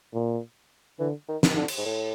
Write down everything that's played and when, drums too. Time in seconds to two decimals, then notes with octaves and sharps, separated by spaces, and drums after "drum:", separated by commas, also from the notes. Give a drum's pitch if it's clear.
0.13 A#2
0.99 D3 E3
1.28 D#3
1.43 D#3, drum: snare
1.56 D3
1.68 drum: cymbal
1.78 G#2
1.86 A2